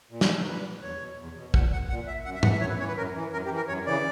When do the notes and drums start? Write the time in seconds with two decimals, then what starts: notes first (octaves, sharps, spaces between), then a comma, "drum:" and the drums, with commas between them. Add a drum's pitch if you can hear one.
0.11 A#2
0.21 drum: snare
0.47 A#2 B4
0.82 E2 C#5
1.00 B2
1.19 E2
1.36 B2
1.54 A#2 F#5, drum: kick
1.72 F#5
1.89 A#2 F#5
2.07 E5
2.25 F#2 F#5
2.35 E5
2.43 E3 F#5, drum: tom G#2
2.52 E5
2.61 F#2 C#5
2.70 B4
2.79 E3 C#5
2.88 B4
2.97 F#2 A#4
3.14 E3
3.32 F#2 A#4
3.45 G4
3.51 E3
3.57 A#4
3.68 F#2 C#5
3.86 C#3 E3 D5